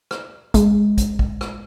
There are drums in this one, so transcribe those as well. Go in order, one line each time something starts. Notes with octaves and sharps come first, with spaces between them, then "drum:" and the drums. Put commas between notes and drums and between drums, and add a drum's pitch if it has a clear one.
drum: rim click
G#3, drum: kick, hi-hat
drum: kick, hi-hat
drum: kick
drum: rim click